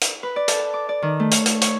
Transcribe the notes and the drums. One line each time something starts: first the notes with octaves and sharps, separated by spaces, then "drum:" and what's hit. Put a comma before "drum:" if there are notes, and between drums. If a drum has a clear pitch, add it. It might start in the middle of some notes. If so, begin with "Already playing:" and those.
drum: hi-hat
B4
D5
A4, drum: hi-hat
A5
D6
D5
D#3
A3
C#5, drum: hi-hat
C#5, drum: hi-hat
C#5, drum: hi-hat